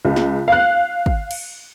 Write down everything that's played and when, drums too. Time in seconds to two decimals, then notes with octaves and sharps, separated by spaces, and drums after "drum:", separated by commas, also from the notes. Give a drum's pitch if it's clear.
0.05 C#2
0.16 drum: snare
0.48 F5 F#6
1.06 drum: kick
1.31 drum: cymbal